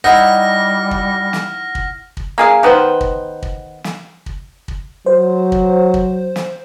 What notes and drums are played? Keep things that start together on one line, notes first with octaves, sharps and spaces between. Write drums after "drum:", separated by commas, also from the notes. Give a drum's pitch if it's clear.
G3 D#4 E4 F#5 F6 A#6
drum: kick
drum: snare
drum: kick
drum: kick
A#3 G#4 F5
D#3 B3 B4 C5
drum: kick
drum: kick
drum: snare
drum: kick
drum: kick
F#3 C5
drum: kick
drum: kick
drum: snare